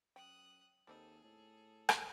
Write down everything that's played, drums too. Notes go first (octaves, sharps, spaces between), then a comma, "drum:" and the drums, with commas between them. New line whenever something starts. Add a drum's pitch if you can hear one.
F#2 G5 D#6 F#6
D#2 G3 C4 G#4 A4 D#5
A2 A4
drum: rim click